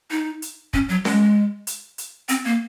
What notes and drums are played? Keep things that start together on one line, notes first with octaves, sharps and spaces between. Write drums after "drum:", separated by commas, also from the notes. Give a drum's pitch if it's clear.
D#4
drum: hi-hat
C#4, drum: kick
F#3
G#3, drum: snare C#4
drum: hi-hat
drum: hi-hat
C4, drum: hi-hat
A#3